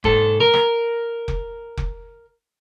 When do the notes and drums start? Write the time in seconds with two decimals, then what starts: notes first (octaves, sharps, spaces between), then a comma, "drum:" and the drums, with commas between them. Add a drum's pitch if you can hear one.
0.04 G#2 A4, drum: kick F1
0.40 A#4
0.54 drum: rim click
1.28 drum: kick F1
1.77 drum: kick F1